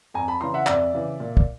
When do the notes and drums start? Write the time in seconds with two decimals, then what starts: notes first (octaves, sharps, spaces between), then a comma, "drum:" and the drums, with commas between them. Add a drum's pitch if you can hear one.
0.14 F2 G#5 A#5
0.28 A5 B5
0.40 C#3 E3 A#5 C6
0.54 E5 F#5
0.66 F2 D5 E5, drum: clap
0.94 C#3 E3
1.20 A#2
1.37 drum: kick